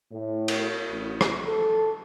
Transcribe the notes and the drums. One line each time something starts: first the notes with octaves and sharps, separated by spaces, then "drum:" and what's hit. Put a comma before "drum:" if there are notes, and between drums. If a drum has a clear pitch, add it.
A2
drum: cymbal
A1
drum: rim click
A4